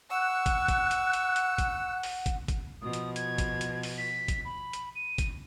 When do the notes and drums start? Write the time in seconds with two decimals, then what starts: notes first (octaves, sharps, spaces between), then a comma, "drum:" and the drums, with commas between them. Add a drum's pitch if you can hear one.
0.11 F#5 C#6 E6 F#6
0.46 drum: kick, hi-hat
0.68 drum: kick, hi-hat
0.91 drum: hi-hat
1.13 drum: hi-hat
1.36 drum: hi-hat
1.58 drum: kick, hi-hat
2.03 drum: open hi-hat
2.26 drum: kick, hi-hat
2.48 drum: kick, hi-hat
2.82 B2 F3 D#6
2.93 drum: hi-hat
3.16 G#6, drum: hi-hat
3.38 drum: kick, hi-hat
3.61 drum: hi-hat
3.83 drum: open hi-hat
3.98 B6
4.28 drum: kick, hi-hat
4.45 B5
4.73 drum: hi-hat
4.95 D#7
5.18 drum: kick, hi-hat